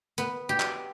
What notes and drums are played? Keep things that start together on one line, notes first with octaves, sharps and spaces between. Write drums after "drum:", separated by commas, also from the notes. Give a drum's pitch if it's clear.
B3, drum: hi-hat
G4
drum: clap